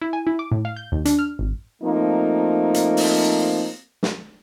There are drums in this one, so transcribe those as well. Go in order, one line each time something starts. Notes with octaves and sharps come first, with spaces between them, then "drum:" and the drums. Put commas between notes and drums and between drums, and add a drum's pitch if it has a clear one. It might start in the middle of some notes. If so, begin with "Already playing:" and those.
E4
G#5
E4
D6
A2
F5
G6
D#2
D4, drum: hi-hat
F6
G#1
F3 A3 A#3 C4 D#4
drum: hi-hat
drum: open hi-hat
drum: snare